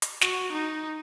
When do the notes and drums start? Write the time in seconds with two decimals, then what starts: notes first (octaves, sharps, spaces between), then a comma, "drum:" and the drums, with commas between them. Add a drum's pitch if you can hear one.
0.02 drum: hi-hat
0.21 F#4, drum: snare
0.52 D#4